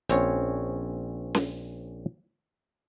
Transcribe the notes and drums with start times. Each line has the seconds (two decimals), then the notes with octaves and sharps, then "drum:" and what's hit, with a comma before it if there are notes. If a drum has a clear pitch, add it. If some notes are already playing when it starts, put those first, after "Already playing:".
0.09 A#1 C4 C#4 C#5, drum: hi-hat
1.35 drum: snare C#4